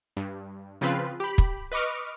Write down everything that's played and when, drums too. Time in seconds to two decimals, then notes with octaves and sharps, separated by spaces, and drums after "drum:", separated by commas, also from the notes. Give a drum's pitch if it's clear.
0.17 G2
0.81 C#3 F3 C4 F4 B4
1.20 G4 B5
1.38 drum: kick
1.72 B4 D#5 C#6 D6 F6